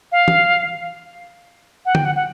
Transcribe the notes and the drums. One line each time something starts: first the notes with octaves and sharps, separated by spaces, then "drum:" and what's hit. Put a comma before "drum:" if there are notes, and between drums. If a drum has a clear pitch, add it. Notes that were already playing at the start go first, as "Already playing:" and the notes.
F5
drum: tom E3
F#5
G5, drum: tom D3
F#5
F#5